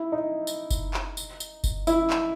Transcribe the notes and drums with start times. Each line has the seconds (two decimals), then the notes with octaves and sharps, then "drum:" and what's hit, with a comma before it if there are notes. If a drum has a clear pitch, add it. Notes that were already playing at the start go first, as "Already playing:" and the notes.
Already playing: E4
0.12 D#4
0.47 drum: tambourine
0.71 drum: kick F#1, tambourine
0.94 drum: clap
1.17 drum: tambourine
1.40 drum: tambourine
1.64 drum: kick F#1, tambourine
1.87 E4, drum: tambourine
2.10 drum: clap